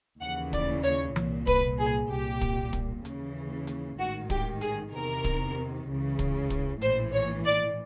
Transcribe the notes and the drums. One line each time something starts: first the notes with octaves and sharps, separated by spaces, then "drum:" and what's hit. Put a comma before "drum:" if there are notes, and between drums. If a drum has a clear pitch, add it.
D#2 C#3 E3 F#5
D5, drum: kick, hi-hat
C#5, drum: hi-hat
C2 A#2, drum: tom E3
B4, drum: kick, hi-hat
G#4
C2 A#2 G4
drum: kick, hi-hat
drum: kick, hi-hat
D#2 C#3 E3, drum: hi-hat
drum: hi-hat
A1 G#2 D#3 F#4
G4, drum: kick, hi-hat
G#4, drum: hi-hat
E2 C3 D#3 A#4
drum: kick, hi-hat
C#2 C#3 E3
drum: kick, hi-hat
drum: kick, hi-hat
A#1 A2 E3 C5, drum: hi-hat
C#5
D5